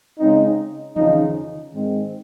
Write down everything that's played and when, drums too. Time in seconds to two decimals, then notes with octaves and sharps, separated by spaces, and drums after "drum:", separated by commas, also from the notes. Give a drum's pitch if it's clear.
0.19 C#3 G#3 C4 D#4
0.96 F2 C#3 F3 D#4, drum: tom
1.13 drum: tom
1.74 G#2 D#3 G#3 C4